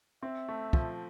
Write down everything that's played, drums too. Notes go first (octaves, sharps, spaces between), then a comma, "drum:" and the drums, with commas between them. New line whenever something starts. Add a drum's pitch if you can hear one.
C4 E5
A3
F3, drum: kick